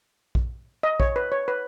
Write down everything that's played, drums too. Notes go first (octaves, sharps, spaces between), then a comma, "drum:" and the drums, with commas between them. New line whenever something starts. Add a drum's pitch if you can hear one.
drum: kick A#1
D#5
C#5, drum: kick A#1
B4
C#5
B4